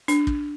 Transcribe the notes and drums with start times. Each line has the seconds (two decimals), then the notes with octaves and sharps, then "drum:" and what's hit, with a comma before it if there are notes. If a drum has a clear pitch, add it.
0.08 D4, drum: hi-hat
0.27 drum: kick